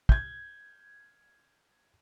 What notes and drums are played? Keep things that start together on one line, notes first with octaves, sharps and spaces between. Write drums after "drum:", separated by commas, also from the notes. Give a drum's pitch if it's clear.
G6 G#6, drum: kick